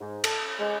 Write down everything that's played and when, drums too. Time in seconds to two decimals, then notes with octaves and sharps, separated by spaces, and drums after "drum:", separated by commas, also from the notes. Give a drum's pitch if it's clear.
0.01 G#2
0.24 A4, drum: cymbal
0.60 G#3